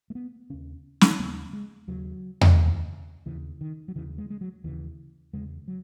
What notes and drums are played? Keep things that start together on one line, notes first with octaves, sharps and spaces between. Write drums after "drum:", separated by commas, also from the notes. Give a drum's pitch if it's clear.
A3
B3
D#2 C#3 C#4
drum: snare
D#2 C#3 B3
G#3
D#2 C#3 F#3
drum: tom E2
D#2 C#3
D#2 C#3 E3
D#3
F#3
D#2 C#3 E3
G#3
G#3
F#3
D#2 C#3 E3
E2 C#3 G#3
F#3